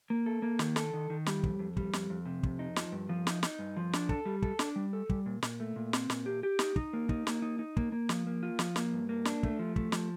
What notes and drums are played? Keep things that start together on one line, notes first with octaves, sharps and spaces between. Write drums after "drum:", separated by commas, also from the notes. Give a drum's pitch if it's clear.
A#3
A4
A#3
D#3, drum: snare
A4, drum: snare
D#3
D#3
G3, drum: snare
F2, drum: kick
F2
G3, drum: kick
F2, drum: snare
F2
C3
F2, drum: kick
D#4
F3, drum: snare
G2
F3
D#4, drum: snare
D#4, drum: snare
G2
F3
D4, drum: snare
A4, drum: kick
G3
A4, drum: kick
D4, drum: snare
G3
A4
G3, drum: kick
A#2
A#2, drum: snare
A3
A#2
C4, drum: snare
A#2, drum: snare
G4
G4
D#4, drum: snare
D#4, drum: kick
A#3
D#4, drum: kick
A#3, drum: snare
D#4
D#4
A#3, drum: kick
A#3
F3, drum: snare
A#3
F4
F3, drum: snare
A#3, drum: snare
G2
A#3
D4, drum: snare
A3, drum: kick
F3
A3, drum: kick
F3, drum: snare